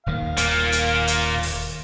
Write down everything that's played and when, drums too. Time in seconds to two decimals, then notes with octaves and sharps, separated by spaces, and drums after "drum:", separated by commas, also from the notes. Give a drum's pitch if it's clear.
0.06 D#1 D#2 D#3 F5
0.37 A#2 A#3, drum: hi-hat
0.72 drum: hi-hat
1.08 drum: hi-hat
1.43 drum: open hi-hat